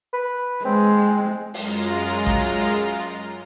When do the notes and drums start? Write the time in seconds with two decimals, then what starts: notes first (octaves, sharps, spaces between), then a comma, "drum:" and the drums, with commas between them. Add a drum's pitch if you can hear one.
0.13 B4
0.65 G#3 C4
1.54 F#2 G#3 F4 A#5, drum: open hi-hat
2.26 drum: kick A1, hi-hat
2.99 drum: hi-hat